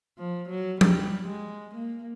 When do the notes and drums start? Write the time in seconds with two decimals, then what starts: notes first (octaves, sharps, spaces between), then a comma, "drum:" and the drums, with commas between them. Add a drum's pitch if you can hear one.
0.18 F3
0.49 F#3
0.81 G3, drum: tom F3
1.28 G#3
1.75 A#3